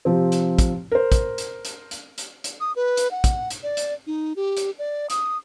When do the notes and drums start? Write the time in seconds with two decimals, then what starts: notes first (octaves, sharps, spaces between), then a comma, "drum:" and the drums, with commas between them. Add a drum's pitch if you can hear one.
0.05 C3 F3 C4
0.32 drum: hi-hat
0.59 drum: kick, hi-hat
0.91 A#4 C5
1.12 drum: kick, hi-hat
1.38 drum: hi-hat
1.65 drum: hi-hat
1.91 drum: hi-hat
2.18 drum: hi-hat
2.44 drum: hi-hat
2.61 D#6
2.76 B4
2.97 drum: hi-hat
3.11 F#5
3.24 drum: kick, hi-hat
3.50 drum: hi-hat
3.63 D5
3.77 drum: hi-hat
4.07 D#4
4.36 G4
4.57 drum: hi-hat
4.79 D5
5.10 D#6, drum: hi-hat